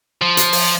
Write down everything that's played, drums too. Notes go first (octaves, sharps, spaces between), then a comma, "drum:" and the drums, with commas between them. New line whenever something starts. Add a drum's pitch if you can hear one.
F3
drum: hi-hat
drum: open hi-hat